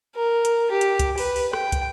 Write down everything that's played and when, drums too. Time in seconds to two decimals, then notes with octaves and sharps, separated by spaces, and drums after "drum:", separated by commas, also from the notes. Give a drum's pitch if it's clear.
0.16 A#4
0.45 drum: hi-hat
0.71 G4
0.81 drum: hi-hat
0.99 drum: kick, hi-hat
1.18 B4, drum: open hi-hat
1.36 drum: open hi-hat
1.53 G5, drum: rim click
1.72 drum: kick, hi-hat